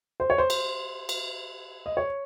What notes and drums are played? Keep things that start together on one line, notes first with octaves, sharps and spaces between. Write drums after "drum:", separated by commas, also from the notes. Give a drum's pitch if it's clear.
C5
C#5
C5
drum: cymbal
drum: cymbal
D#5
C#5